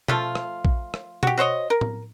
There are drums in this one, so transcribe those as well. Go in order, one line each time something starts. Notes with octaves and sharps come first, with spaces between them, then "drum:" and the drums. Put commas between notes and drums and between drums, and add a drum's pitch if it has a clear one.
F3 A3 F4, drum: tom B2
drum: rim click
drum: kick A#1
drum: rim click
F#4 G4, drum: tom B2
F#4 C5 C#5 D#5
A#4
drum: tom A2